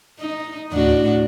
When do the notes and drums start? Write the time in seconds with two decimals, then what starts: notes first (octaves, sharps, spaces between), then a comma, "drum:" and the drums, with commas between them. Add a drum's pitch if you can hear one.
0.20 D#4
0.72 A2 D4 F#4, drum: tom D2